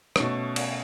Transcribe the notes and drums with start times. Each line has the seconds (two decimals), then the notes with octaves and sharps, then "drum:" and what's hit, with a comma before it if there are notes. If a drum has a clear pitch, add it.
0.16 B2 A3 C#4, drum: rim click
0.56 drum: cymbal